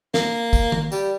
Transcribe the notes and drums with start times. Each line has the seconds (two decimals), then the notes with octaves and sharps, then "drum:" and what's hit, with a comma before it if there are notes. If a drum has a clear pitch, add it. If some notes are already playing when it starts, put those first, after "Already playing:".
0.14 A#3, drum: snare
0.53 drum: kick, tambourine
0.72 drum: tom
0.92 G3, drum: tambourine